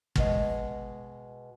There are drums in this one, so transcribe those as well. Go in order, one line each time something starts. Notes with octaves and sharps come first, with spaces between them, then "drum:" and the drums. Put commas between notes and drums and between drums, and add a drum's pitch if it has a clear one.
B2 G#3 D#5, drum: kick